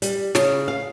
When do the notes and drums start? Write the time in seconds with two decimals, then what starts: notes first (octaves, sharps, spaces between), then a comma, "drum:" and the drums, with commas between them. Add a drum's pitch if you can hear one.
0.02 G3, drum: hi-hat
0.35 C#3, drum: snare
0.68 F5